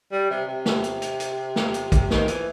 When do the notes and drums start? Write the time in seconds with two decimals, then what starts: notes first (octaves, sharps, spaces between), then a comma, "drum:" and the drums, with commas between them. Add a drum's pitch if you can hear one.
0.12 G3
0.30 C3
0.47 C3
0.66 drum: snare
0.84 drum: hi-hat
1.02 drum: hi-hat
1.20 drum: hi-hat
1.56 drum: snare
1.74 drum: hi-hat
1.92 drum: kick, hi-hat
2.10 D#3, drum: snare
2.28 E3, drum: hi-hat